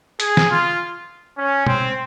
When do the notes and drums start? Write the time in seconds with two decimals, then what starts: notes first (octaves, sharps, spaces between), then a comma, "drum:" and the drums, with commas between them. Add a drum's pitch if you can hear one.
0.20 G#4, drum: hi-hat
0.37 drum: snare
0.49 F4
1.37 C#4
1.67 C4, drum: tom B2